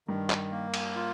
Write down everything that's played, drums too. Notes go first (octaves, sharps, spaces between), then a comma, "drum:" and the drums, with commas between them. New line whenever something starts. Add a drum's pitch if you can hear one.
G2 D#3
drum: clap
A#3
drum: cymbal
F4